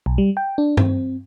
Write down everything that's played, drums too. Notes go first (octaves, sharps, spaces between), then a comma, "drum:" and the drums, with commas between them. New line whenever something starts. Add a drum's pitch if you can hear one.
B1
G3
G5
D4
C4, drum: tom G2